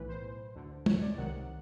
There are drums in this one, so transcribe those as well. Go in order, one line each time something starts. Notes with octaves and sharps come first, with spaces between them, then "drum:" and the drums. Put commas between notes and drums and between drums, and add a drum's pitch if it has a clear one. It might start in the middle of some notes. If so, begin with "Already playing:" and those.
Already playing: B1 A2 E3 B4
C5
D2 D3
C#5, drum: tom
D5
C2 C3 D#3 F#5